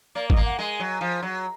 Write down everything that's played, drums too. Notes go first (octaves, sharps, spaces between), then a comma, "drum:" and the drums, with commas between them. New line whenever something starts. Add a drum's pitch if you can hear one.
A#3 D5
D#5, drum: kick G#1
A#3
F#5
G#3 G#5
F#3
F3
F#3